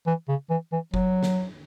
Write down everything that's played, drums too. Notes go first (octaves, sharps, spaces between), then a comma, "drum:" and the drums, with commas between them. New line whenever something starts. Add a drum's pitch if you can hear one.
E3
C#3
E3
E3
F#3, drum: kick F#1
drum: snare